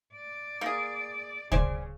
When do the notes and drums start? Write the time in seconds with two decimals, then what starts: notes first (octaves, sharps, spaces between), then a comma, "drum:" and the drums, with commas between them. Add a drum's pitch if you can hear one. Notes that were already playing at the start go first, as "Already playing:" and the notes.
0.14 D5
0.61 A#3 G#4
1.52 C#3 C5 D5 G#5, drum: kick